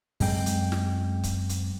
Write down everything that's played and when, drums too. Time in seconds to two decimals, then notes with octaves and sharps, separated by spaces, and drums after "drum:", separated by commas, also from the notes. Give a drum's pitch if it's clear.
0.20 F#2 G#3 C4 G5, drum: open hi-hat
0.46 drum: hi-hat
0.72 drum: snare
1.23 drum: kick C#1, hi-hat
1.49 drum: hi-hat